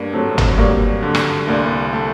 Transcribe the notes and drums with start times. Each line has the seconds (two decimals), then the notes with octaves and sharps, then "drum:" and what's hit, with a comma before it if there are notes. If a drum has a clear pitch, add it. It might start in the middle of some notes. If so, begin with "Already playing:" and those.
Already playing: G2 A#3 D4
0.13 F#3 A3 C4
0.38 drum: tom
0.58 G2 G3 A#3
1.03 D3
1.15 drum: rim click
1.47 C2 A#3 D4
1.93 A3